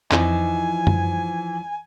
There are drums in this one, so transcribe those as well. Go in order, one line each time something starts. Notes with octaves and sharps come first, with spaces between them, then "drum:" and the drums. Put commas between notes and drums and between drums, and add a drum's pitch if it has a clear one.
F2 E3 F3 D#4 G#5, drum: clap
drum: tom F#2